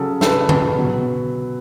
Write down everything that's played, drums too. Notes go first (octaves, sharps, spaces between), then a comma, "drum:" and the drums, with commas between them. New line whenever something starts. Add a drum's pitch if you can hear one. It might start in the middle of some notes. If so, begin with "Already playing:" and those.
Already playing: C#3 F#3 A4
A4, drum: snare
B4
drum: tom D3
B2 F#3